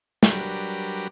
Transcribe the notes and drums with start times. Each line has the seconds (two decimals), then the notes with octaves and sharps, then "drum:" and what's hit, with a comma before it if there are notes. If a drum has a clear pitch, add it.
0.23 F#3 G3 D4 G4 A#4 B4, drum: snare